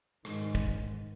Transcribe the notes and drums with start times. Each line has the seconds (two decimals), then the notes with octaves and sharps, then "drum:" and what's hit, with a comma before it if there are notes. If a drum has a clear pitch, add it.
0.25 G#2 D#3, drum: rim click
0.55 drum: kick